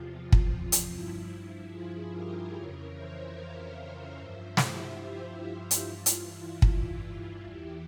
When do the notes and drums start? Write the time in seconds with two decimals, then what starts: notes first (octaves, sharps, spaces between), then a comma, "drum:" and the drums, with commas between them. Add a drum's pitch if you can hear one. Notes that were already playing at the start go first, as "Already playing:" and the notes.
Already playing: E2 C3 F3 F4
0.32 drum: kick
0.72 drum: hi-hat
0.90 G2 F3 E4
1.71 F4 G#4
2.12 G4 A#4
2.54 F2 C#3 E3 A#4 C#5
2.94 C5 E5
3.35 C#5 F5
3.75 C5 E5
4.16 G2 F3 C5 E5
4.57 E4 G4, drum: snare
4.98 F4
5.39 E4
5.71 drum: hi-hat
5.80 G2 E3 F4
6.06 drum: hi-hat
6.21 E4
6.62 F4, drum: kick
7.02 F4
7.43 E2 E3 E4 G4